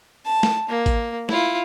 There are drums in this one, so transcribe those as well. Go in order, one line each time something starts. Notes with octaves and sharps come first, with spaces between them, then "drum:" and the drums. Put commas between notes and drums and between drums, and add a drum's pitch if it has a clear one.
A5
drum: snare
A#3
drum: kick A1, hi-hat
E4 F4, drum: snare